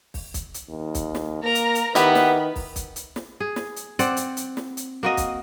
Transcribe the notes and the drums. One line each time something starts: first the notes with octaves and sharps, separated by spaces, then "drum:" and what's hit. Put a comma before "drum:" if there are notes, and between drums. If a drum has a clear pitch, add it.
drum: kick, open hi-hat
drum: kick, hi-hat
drum: hi-hat
D#2
drum: kick, hi-hat
drum: snare
A#3 A#4 A#5
drum: hi-hat
drum: hi-hat
D#3 B3 E4 G4 B4, drum: hi-hat
drum: snare
drum: kick, open hi-hat
drum: kick, hi-hat
drum: hi-hat
drum: snare
G#4
drum: snare
drum: hi-hat
C4 D5 F#5, drum: hi-hat
drum: hi-hat
drum: hi-hat
drum: snare
drum: hi-hat
A#3 F#4 D#5
drum: kick, hi-hat